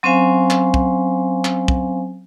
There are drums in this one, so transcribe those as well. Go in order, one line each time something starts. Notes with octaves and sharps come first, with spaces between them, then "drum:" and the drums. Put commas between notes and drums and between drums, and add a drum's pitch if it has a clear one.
F#3 C4 C#4 C5 F5 G#5
drum: clap
drum: kick
drum: clap
drum: kick